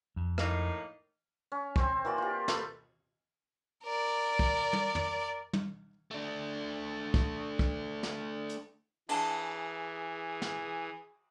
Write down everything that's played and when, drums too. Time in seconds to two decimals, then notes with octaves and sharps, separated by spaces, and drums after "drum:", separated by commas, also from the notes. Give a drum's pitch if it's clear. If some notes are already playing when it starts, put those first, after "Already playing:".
0.16 F2
0.38 A2 A#3 D#4, drum: rim click
1.52 C#4
1.76 C4 C5 C#5, drum: kick
2.05 E3 A#3 F#4 D5
2.18 F4 G4
2.48 A3 A4 B4, drum: snare
3.83 A#4 D5
4.39 drum: kick
4.73 drum: tom
4.95 drum: tom
5.53 drum: tom
6.11 A3 D4
7.14 drum: kick
7.59 drum: kick
8.03 drum: snare
8.49 drum: hi-hat
9.09 E3 D4 G#4 A5, drum: cymbal
10.42 drum: snare